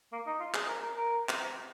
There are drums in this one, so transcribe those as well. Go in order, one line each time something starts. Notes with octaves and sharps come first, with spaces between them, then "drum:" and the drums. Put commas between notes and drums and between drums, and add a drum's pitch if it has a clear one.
A#3
D#4
F4
G#4, drum: clap
A#4
A#4
A#4
drum: clap